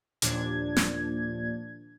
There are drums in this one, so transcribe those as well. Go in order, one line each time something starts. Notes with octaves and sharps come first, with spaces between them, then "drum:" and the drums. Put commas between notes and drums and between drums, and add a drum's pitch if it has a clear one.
D#2 A#2 F3 D4 G#6, drum: hi-hat
drum: snare